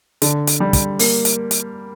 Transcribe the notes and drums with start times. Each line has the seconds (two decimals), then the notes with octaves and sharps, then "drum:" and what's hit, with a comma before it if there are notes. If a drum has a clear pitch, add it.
0.22 D3, drum: hi-hat
0.47 drum: hi-hat
0.60 G3
0.73 drum: kick, hi-hat
0.99 A#3, drum: open hi-hat
1.25 drum: hi-hat
1.51 drum: hi-hat